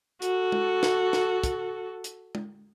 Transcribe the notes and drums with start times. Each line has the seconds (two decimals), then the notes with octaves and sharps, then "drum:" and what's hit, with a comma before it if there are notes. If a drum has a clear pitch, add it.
0.22 F#4 A4, drum: hi-hat
0.52 drum: tom G#3
0.83 drum: snare
1.13 drum: snare
1.44 drum: kick, hi-hat
2.04 drum: hi-hat
2.35 drum: tom G#3